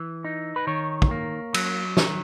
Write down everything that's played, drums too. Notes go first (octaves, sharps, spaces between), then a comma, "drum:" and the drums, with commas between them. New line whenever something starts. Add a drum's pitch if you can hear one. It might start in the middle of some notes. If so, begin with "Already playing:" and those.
Already playing: E3
D#4
B4
D#3 C#5
drum: kick
A#3
F#3, drum: cymbal
D#3, drum: snare